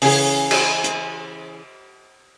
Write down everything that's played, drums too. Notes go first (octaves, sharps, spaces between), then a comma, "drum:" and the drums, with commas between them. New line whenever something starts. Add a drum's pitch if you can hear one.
C#3 E3 C#4 G#4, drum: open hi-hat
drum: cymbal
drum: hi-hat